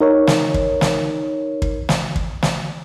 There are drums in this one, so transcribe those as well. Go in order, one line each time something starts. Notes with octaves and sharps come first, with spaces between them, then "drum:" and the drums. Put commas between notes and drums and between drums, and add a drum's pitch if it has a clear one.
D#4 A#4 C#5
drum: snare
drum: kick
drum: snare
drum: kick
drum: snare
drum: kick
drum: snare